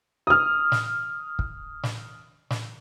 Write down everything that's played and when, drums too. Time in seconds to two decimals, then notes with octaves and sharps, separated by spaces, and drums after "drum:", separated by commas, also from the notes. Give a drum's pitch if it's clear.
0.27 D#6 F6
0.72 drum: snare
1.39 drum: kick
1.83 drum: snare
2.50 drum: snare